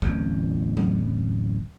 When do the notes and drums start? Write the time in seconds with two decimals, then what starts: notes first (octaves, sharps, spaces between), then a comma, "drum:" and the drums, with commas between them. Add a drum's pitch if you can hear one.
0.02 D1 A1 E2, drum: kick B1
0.77 drum: tom F#3